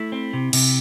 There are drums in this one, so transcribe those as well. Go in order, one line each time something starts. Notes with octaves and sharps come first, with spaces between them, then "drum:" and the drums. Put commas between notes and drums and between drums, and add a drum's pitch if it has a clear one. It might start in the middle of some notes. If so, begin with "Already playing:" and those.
Already playing: A3 E4
C4
C3
C3, drum: cymbal